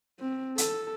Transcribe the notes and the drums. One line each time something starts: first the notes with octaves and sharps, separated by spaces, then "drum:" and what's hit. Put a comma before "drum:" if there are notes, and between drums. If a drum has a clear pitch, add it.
C4
A4, drum: hi-hat